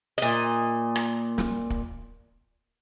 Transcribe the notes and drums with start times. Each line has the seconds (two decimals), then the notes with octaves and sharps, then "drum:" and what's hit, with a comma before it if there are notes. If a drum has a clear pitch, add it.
0.18 A#2 D#5, drum: hi-hat
0.96 drum: rim click
1.38 drum: snare
1.70 drum: kick